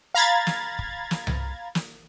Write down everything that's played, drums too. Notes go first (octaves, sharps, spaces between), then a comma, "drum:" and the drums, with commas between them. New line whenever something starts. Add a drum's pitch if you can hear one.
F5 A#5 B5 G#6 A6
drum: snare
drum: kick
drum: snare
drum: tom C2
drum: snare